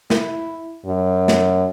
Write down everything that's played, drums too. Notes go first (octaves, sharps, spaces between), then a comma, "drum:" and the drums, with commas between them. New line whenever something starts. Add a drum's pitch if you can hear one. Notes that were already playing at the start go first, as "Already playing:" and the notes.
E4, drum: snare
F#2
drum: snare